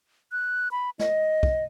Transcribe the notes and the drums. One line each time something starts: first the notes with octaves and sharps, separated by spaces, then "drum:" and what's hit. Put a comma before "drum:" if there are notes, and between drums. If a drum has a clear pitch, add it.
F#6
B5
D#5, drum: snare
drum: kick